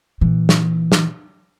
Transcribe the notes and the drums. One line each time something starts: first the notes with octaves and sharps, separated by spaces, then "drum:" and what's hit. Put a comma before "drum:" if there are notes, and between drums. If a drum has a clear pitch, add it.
A#2 E3
drum: snare
drum: snare